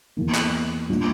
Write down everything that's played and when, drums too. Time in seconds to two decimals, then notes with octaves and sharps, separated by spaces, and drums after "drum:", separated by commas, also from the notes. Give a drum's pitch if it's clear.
0.17 E2 E3 A#3
0.35 drum: clap
0.90 A#2 G3 D4 F4